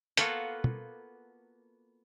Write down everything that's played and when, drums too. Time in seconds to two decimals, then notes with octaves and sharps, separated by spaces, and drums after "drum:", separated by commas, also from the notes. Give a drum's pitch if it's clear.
0.17 A#3 B3 F4 F#4 A4, drum: hi-hat
0.64 drum: tom